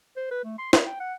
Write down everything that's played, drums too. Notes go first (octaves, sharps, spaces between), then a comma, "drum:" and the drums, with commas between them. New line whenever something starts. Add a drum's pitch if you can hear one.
C5
B4
A3
C6
A#4, drum: snare
G5
F#5